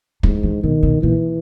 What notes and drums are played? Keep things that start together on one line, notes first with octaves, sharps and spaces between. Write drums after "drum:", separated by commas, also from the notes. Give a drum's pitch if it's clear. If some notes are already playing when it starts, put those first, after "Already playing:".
G#2 E3, drum: kick
D#3
B2 D#3
B2
A#2 E3